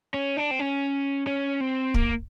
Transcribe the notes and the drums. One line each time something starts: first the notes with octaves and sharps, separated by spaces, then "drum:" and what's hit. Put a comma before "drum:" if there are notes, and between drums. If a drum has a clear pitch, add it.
C#4
D4
C4
C#4
C#4
C4
A#3, drum: kick